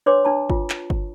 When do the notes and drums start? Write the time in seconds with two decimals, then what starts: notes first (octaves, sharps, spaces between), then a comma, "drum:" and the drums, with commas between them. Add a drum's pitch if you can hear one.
0.06 D4 B4 C#5 C6 D6
0.25 D4 A5 A#5
0.50 F4, drum: kick G1
0.70 drum: clap
0.90 drum: kick G1